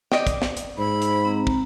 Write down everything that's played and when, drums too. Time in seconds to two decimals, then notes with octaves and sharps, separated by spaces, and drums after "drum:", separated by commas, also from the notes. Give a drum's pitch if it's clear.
0.12 D5 D#5 G5, drum: snare
0.27 drum: kick, hi-hat
0.42 drum: snare
0.57 drum: hi-hat
0.78 G#2 C5 B5 E6
1.02 drum: hi-hat
1.25 C4 A#5
1.47 drum: kick